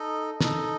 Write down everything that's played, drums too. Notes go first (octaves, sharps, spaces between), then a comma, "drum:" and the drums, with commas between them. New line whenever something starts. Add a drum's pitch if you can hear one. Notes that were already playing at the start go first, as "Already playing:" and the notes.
Already playing: D#4 A4 D#5
D#4 A4 D#5, drum: snare